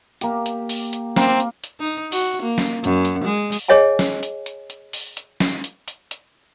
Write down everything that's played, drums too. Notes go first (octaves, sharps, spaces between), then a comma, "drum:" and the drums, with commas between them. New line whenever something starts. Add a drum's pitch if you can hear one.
A#3 G4, drum: hi-hat
drum: hi-hat
drum: open hi-hat
drum: hi-hat
A#3 C4, drum: snare
drum: hi-hat
drum: hi-hat
D#4
F#4, drum: open hi-hat
A#3
drum: snare
F#2, drum: hi-hat
drum: hi-hat
G#3
drum: open hi-hat
G#4 C#5 D#5 G5 G#5
drum: snare
drum: hi-hat
drum: hi-hat
drum: hi-hat
drum: open hi-hat
drum: hi-hat
drum: snare
drum: hi-hat
drum: hi-hat
drum: hi-hat